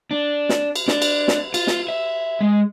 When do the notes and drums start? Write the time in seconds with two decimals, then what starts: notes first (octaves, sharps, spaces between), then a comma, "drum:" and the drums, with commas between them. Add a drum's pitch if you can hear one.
0.11 D4
0.49 drum: snare
0.76 drum: cymbal
0.88 D4, drum: snare
1.02 drum: cymbal
1.28 drum: snare
1.54 F4, drum: cymbal
1.67 drum: snare
1.89 E5
2.41 G#3